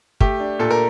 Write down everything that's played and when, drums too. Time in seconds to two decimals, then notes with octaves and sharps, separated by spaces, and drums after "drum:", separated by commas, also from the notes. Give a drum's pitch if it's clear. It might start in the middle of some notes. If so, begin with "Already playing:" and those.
0.20 A3 G4, drum: kick
0.40 D4
0.59 A#2 A4
0.71 A#4